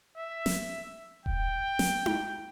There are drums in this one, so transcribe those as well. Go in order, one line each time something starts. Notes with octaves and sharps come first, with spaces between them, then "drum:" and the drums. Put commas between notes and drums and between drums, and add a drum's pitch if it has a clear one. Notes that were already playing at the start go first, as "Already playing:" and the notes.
E5
drum: snare
G5, drum: kick D#1
drum: snare
drum: tom D#4